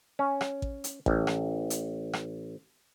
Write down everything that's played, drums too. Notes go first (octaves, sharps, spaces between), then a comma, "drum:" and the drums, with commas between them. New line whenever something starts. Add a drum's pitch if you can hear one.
C#4
drum: rim click
drum: kick A1
drum: hi-hat
A1, drum: kick A1
drum: rim click
drum: hi-hat
drum: rim click